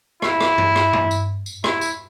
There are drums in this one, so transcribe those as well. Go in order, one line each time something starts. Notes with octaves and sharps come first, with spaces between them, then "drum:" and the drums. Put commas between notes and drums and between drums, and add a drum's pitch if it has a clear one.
E4, drum: rim click
drum: rim click
drum: tom G2
drum: rim click
drum: tom G2
drum: tambourine
drum: tambourine
E4, drum: rim click
drum: tambourine